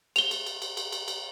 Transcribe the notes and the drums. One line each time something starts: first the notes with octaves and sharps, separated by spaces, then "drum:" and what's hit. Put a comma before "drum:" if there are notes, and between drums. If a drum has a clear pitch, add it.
F7 G7, drum: cymbal
drum: cymbal
drum: cymbal
drum: cymbal
drum: cymbal
drum: cymbal
drum: cymbal